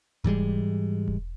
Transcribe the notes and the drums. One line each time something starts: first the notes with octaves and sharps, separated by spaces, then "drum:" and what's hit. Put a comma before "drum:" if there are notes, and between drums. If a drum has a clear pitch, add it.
G#2 E3 G3 G#3, drum: kick E1
drum: kick E1